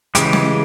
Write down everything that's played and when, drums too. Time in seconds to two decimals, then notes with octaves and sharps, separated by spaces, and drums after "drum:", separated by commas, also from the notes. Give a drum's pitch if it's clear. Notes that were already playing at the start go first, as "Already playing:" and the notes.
0.15 C#3 E3 G#3 G4, drum: hi-hat
0.33 drum: snare